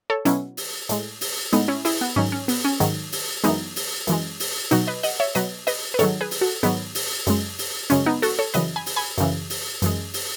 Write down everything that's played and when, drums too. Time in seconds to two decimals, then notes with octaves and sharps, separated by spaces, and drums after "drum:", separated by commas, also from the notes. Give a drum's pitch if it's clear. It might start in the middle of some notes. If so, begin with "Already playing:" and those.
0.10 A4 C#5
0.25 B2 F#3 C#4 E4, drum: hi-hat
0.57 drum: open hi-hat
0.89 A2 G#3, drum: hi-hat
1.21 drum: open hi-hat
1.53 A2 G#3 B3 D#4, drum: hi-hat
1.68 C#4 E4
1.85 E4 G#4, drum: open hi-hat
2.01 B3
2.16 G#2 D#3 F#3 C#4
2.32 C#4
2.48 B3, drum: open hi-hat
2.65 C#4
2.80 G#2 D#3 F#3, drum: hi-hat
3.12 drum: open hi-hat
3.44 F#2 E3 G#3 B3 D#4, drum: hi-hat
3.76 drum: open hi-hat
4.07 F#2 E3 G#3, drum: hi-hat
4.40 drum: open hi-hat
4.71 B2 F#3 D#4 F#4, drum: hi-hat
4.87 B4 D#5
5.03 D#5 F#5, drum: open hi-hat
5.20 C#5 E5
5.35 B2 F#3 B4 D#5, drum: hi-hat
5.67 B4 D#5, drum: open hi-hat
5.94 B4
5.99 G#2 D#3 F#3 A4 C#5, drum: hi-hat
6.21 G#4 B4
6.31 drum: open hi-hat
6.41 F#4 A4
6.63 G#2 D#3 F#3 B3, drum: hi-hat
6.95 drum: open hi-hat
7.27 F#2 C#3 G#3, drum: hi-hat
7.59 drum: open hi-hat
7.90 F#2 C#3 G#3 C#4, drum: hi-hat
8.06 B3 D#4
8.22 F#4 A4, drum: open hi-hat
8.39 A4 C#5
8.54 F#2 C#3 E3 B4 D#5, drum: hi-hat
8.76 G#5 B5
8.86 drum: open hi-hat
8.96 G#5 B5
9.18 F#2 C#3 E3, drum: hi-hat
9.50 drum: open hi-hat
9.82 F#2 E3 G#3, drum: hi-hat
10.14 drum: open hi-hat